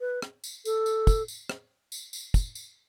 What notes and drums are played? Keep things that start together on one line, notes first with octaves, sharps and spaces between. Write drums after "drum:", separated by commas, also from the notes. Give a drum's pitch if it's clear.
B4
drum: rim click
drum: tambourine
A4, drum: tambourine
drum: tambourine
drum: kick, tambourine
drum: tambourine
drum: rim click
drum: tambourine
drum: tambourine
drum: kick, tambourine
drum: tambourine